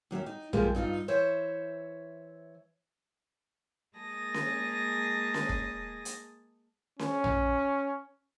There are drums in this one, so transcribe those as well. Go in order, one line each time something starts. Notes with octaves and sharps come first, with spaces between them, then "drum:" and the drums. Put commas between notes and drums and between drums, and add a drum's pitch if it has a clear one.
D#2 F#3 C#4 E5
D#4
F3 G3 G#3 A#3 B3 G#4, drum: tom A#1
G2 D#4 F4
E3 C5 C#5 E5
G#3 A#3 G#4 A5 D#6 A#6
drum: snare C#4
drum: snare C#4
drum: kick
drum: hi-hat
C#4, drum: snare C#4
drum: tom A#1